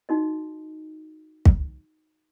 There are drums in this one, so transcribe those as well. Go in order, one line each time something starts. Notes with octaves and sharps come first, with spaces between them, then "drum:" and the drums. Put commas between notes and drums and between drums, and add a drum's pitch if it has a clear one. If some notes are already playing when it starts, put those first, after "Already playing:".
D#4 F#4 D#5
drum: kick